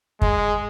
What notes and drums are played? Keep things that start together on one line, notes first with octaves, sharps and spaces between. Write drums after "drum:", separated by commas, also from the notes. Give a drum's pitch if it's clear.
G#3, drum: kick